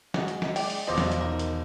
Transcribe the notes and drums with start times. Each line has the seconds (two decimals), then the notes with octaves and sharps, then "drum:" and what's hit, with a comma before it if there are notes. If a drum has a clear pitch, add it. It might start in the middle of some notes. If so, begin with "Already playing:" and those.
0.14 G#3 F#4, drum: snare
0.28 drum: hi-hat
0.42 drum: snare
0.56 G#3 D5 G5, drum: open hi-hat
0.70 drum: open hi-hat
0.87 E1 F3 C5 D5 D#5
0.98 drum: snare
1.12 drum: hi-hat
1.21 D#3 A#4
1.39 drum: hi-hat